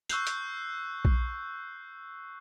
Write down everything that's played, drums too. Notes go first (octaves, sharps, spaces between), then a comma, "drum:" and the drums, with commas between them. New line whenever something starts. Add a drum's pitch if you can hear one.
C#6 E6 F#6 G6 C7, drum: tambourine
drum: hi-hat
drum: kick A#1